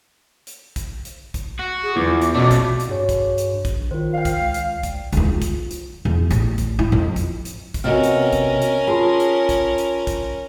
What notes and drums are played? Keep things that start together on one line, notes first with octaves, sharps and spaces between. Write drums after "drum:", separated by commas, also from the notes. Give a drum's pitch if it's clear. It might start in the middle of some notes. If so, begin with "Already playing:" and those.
drum: hi-hat
drum: kick, hi-hat
drum: hi-hat
drum: kick, hi-hat
F#4
G#4
E2 E3 F3 D6
drum: hi-hat
F2 B2 A3 C#4 F#4 D5
drum: kick, hi-hat
drum: hi-hat
G2 F#4 G#4 C#5
drum: kick, hi-hat
drum: hi-hat
A#1, drum: kick, hi-hat
D#3 F4 C5
D5 F5 G5
drum: kick, hi-hat
C#2
drum: hi-hat
drum: kick, hi-hat
C#2 D#3, drum: hi-hat
F4
drum: kick, hi-hat
drum: hi-hat
E2
A1, drum: hi-hat
drum: kick, hi-hat
E4
F2
drum: kick, hi-hat
drum: hi-hat
drum: kick, hi-hat
C3 B3 C#4 F#4 A#4 D#5 E5 F6
drum: hi-hat
drum: kick, hi-hat
drum: hi-hat
F4 G#4 A5 C6
drum: hi-hat
drum: kick, hi-hat
drum: hi-hat
drum: kick, hi-hat